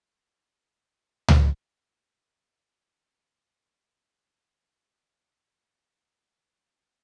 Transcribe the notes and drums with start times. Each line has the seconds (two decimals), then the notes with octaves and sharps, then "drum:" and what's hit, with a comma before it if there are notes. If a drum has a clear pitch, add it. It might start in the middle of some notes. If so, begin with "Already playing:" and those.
Already playing: F4
0.39 G4
0.62 C#5
0.66 C5
0.85 D5
1.28 drum: tom C#2
1.54 D#5
2.45 C#5
3.14 D5
3.49 E5
3.53 D#5
3.82 E5
4.98 F#5
5.09 F5
5.20 E5
5.89 F5
6.12 D#5
6.35 E5
6.57 F5